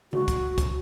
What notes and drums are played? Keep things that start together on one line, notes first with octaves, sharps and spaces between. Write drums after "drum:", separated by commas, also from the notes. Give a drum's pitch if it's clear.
F#4, drum: tom C#3
drum: kick C2, hi-hat
drum: kick C2, hi-hat